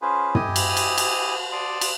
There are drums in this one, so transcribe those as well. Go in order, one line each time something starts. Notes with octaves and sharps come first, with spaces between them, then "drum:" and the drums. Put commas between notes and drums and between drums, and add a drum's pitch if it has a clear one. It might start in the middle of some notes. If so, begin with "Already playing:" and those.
C#4 F4 G#4 B4 C5
E4 G4 D#5 G#5 D#6, drum: tom
drum: cymbal
drum: cymbal
drum: cymbal
D5 A5 C6 D6 D#6
drum: cymbal